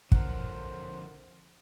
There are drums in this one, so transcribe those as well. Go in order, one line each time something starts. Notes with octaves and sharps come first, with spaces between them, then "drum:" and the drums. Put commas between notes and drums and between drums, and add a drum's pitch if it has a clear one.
D3 F3 A#4 C5 F#5, drum: kick